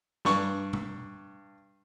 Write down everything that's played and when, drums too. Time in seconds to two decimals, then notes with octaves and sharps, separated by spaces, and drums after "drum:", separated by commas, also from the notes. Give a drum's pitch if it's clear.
0.25 G2 C#6, drum: snare
0.73 drum: tom B2